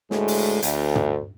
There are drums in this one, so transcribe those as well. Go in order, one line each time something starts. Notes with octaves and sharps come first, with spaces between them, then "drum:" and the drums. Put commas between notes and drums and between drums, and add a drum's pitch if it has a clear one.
D2 A2 G#3, drum: snare
drum: open hi-hat
D2, drum: hi-hat
drum: tom